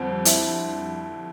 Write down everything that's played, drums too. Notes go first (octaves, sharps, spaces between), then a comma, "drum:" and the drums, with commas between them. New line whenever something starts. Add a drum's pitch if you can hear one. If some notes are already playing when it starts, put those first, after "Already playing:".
Already playing: F2 D3 G3 C4
E4, drum: hi-hat